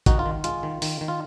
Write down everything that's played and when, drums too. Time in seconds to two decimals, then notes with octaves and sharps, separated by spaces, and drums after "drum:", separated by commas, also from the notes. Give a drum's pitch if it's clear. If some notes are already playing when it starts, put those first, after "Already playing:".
0.06 D#3 D#4 F#4, drum: kick, hi-hat
0.19 F4
0.26 D#3
0.44 G#3 F4, drum: hi-hat
0.63 D#3
0.82 D#3, drum: open hi-hat
1.01 D#3
1.08 F4